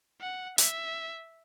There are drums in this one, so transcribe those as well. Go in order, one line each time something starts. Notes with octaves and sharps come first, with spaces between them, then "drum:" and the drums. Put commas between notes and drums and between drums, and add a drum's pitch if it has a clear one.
F#5
E5, drum: hi-hat